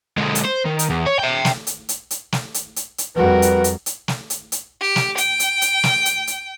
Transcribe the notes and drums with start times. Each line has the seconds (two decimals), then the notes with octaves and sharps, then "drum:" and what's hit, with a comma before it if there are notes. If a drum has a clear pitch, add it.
0.17 D3 G#3
0.35 drum: hi-hat
0.45 C5
0.65 D#3
0.79 drum: hi-hat
0.90 E2
1.06 C#5
1.19 E5 G5
1.45 drum: snare
1.67 drum: hi-hat
1.89 drum: hi-hat
2.11 drum: hi-hat
2.32 drum: snare
2.54 drum: hi-hat
2.76 drum: hi-hat
2.98 drum: hi-hat
3.16 F2 G3 F#4 A#4 B4
3.42 drum: hi-hat
3.64 drum: hi-hat
3.86 drum: hi-hat
4.08 drum: snare
4.30 drum: hi-hat
4.52 drum: hi-hat
4.80 G4
4.96 drum: snare
5.18 G5, drum: hi-hat
5.40 drum: hi-hat
5.62 drum: hi-hat
5.84 drum: snare
6.05 drum: hi-hat
6.27 drum: hi-hat